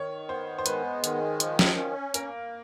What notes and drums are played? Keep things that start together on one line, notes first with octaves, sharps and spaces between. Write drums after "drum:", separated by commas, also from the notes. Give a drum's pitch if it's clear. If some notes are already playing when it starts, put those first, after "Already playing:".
Already playing: D#3 C#5
B3 C5
C5
G#3 B4, drum: hi-hat
D#3, drum: hi-hat
F3, drum: hi-hat
drum: snare
C#4
A#3 A#4, drum: hi-hat